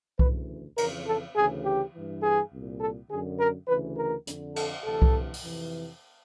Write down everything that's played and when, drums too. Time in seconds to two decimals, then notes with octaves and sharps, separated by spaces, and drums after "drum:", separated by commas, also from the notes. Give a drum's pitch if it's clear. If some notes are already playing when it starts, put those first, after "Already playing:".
0.19 D2 C#3 E3 B4, drum: kick C2
0.78 F2 C#3 E3 A#4, drum: cymbal
1.07 A4
1.36 D2 C#3 E3 G#4
1.65 G4
1.94 G2 E3
2.23 G#4
2.52 C2 A#2
2.81 A4
3.10 F#2 D3 G#4
3.40 A#4
3.68 D2 C#3 E3 B4
3.97 A#4
4.27 F2 D3, drum: hi-hat
4.56 A4, drum: cymbal
4.85 D2 C3 E3 A4
5.02 drum: kick C2
5.34 drum: open hi-hat
5.43 F2 C3 E3